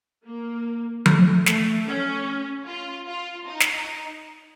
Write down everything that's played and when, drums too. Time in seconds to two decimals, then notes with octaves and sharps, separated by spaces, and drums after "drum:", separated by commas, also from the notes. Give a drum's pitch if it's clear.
0.25 A#3
1.06 A3, drum: tom F3
1.46 A3, drum: snare
1.86 C#4
2.67 F4
3.07 F4
3.47 D#4
3.60 drum: snare